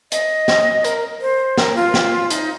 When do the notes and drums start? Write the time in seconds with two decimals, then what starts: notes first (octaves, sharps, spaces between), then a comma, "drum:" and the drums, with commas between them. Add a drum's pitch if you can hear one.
0.12 D#5, drum: hi-hat
0.48 drum: snare
0.84 A#4, drum: hi-hat
1.21 C5
1.58 A#4, drum: snare
1.76 F4
1.94 drum: snare
2.30 D#4, drum: hi-hat